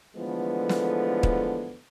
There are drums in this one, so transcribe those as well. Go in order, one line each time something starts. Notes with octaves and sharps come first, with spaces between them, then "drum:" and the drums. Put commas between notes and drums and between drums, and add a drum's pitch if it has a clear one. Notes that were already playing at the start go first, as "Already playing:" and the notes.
D3 E3 F3 G#3 A3 B3
drum: snare
drum: kick